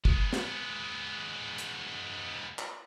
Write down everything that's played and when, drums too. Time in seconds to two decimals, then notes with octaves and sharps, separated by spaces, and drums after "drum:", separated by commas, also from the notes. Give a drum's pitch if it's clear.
0.05 G#3 B3, drum: kick
0.33 drum: snare
1.58 drum: hi-hat
2.59 drum: clap